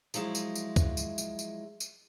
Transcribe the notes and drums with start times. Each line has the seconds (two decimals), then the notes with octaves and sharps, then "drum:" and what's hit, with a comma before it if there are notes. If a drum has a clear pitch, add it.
0.14 F3 F#3 G#3 E4, drum: tambourine
0.35 drum: tambourine
0.55 drum: tambourine
0.76 drum: kick C#2, tambourine
0.97 drum: tambourine
1.18 drum: tambourine
1.39 drum: tambourine
1.80 drum: tambourine